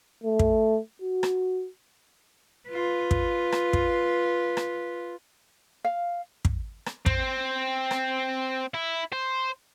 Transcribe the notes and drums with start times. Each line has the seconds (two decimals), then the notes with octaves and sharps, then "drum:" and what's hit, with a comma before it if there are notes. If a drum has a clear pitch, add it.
0.24 A3
0.39 drum: kick
1.02 F#4
1.23 drum: rim click
2.69 F4 B4
3.11 drum: kick
3.52 drum: rim click
3.73 drum: kick
4.57 drum: rim click
5.85 F5
6.45 drum: kick
6.86 drum: rim click
7.06 C4, drum: kick
7.91 drum: rim click
8.74 E4
9.13 C5